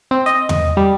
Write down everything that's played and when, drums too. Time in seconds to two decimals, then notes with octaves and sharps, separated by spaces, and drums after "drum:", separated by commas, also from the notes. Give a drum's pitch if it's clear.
0.11 C4
0.26 D#5
0.49 drum: tom E2
0.77 G3